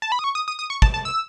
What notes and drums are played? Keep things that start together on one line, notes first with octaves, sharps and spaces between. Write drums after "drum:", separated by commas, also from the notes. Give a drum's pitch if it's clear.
A5
B5
D#6
C#6
D#6
D#6
D#6
C#6
A5, drum: kick
A5
E6